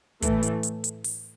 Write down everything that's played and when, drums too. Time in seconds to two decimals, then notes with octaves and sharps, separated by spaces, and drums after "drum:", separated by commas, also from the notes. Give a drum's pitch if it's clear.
0.22 A2 E3 A3, drum: kick, hi-hat
0.43 drum: hi-hat
0.63 drum: hi-hat
0.84 drum: hi-hat
1.04 drum: open hi-hat